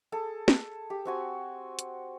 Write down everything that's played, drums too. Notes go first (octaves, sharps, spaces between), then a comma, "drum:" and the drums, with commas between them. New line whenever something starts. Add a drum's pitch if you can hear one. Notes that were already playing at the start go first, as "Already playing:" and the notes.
G#4 A4
drum: snare
G4
C4 F#4 G#5
drum: hi-hat